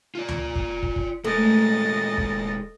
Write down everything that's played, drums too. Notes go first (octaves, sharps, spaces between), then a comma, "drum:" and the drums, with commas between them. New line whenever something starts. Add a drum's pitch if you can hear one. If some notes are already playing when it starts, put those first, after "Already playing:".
F4 D5
drum: tom C#2
drum: kick
drum: kick
drum: kick
A#2 G#3 A3 D#5 A6
drum: kick